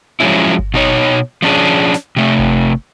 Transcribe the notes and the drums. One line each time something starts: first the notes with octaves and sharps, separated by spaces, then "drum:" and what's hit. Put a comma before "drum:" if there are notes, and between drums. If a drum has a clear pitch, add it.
F3 F#3 G#3 C#4 E4
drum: kick G1
B2 D#4 C#5
F3 C#4 D4 G#4
drum: snare
C3 A3
drum: kick G1